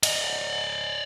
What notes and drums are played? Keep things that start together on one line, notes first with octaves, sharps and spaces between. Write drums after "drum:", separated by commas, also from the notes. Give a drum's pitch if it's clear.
D5 D#5, drum: cymbal